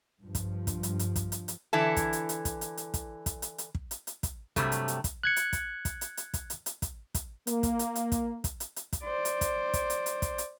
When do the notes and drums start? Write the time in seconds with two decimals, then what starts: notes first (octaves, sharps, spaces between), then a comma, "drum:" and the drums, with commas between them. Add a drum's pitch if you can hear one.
0.23 G2 F3
0.35 drum: kick, hi-hat
0.67 drum: kick, hi-hat
0.83 drum: hi-hat
0.99 drum: hi-hat
1.16 drum: kick, hi-hat
1.32 drum: hi-hat
1.48 drum: hi-hat
1.73 D3 E3 E4 A4
1.97 drum: kick, hi-hat
2.13 drum: hi-hat
2.29 drum: hi-hat
2.45 drum: kick, hi-hat
2.61 drum: hi-hat
2.77 drum: hi-hat
2.94 drum: kick, hi-hat
3.26 drum: kick, hi-hat
3.42 drum: hi-hat
3.58 drum: hi-hat
3.75 drum: kick
3.91 drum: hi-hat
4.07 drum: hi-hat
4.23 drum: kick, hi-hat
4.56 G2 C3 F#3 G3 A3, drum: kick, hi-hat
4.72 drum: hi-hat
4.88 drum: hi-hat
5.04 drum: kick, hi-hat
5.23 F#6 G#6 C#7
5.36 drum: hi-hat
5.53 drum: kick, hi-hat
5.85 drum: kick, hi-hat
6.01 drum: hi-hat
6.17 drum: hi-hat
6.34 drum: kick, hi-hat
6.50 drum: hi-hat
6.66 drum: hi-hat
6.82 drum: kick, hi-hat
7.15 drum: kick, hi-hat
7.47 A#3, drum: hi-hat
7.63 drum: kick, hi-hat
7.79 drum: hi-hat
7.95 drum: hi-hat
8.12 drum: kick, hi-hat
8.44 drum: kick, hi-hat
8.60 drum: hi-hat
8.76 drum: hi-hat
8.93 drum: kick, hi-hat
9.04 C5 D5
9.25 drum: hi-hat
9.41 drum: kick, hi-hat
9.74 drum: kick, hi-hat
9.90 drum: hi-hat
10.06 drum: hi-hat
10.22 drum: kick, hi-hat
10.38 drum: hi-hat